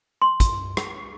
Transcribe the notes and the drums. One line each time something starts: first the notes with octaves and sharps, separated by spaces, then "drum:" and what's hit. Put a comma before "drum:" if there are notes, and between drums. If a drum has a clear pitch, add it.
C6
drum: kick, hi-hat
drum: rim click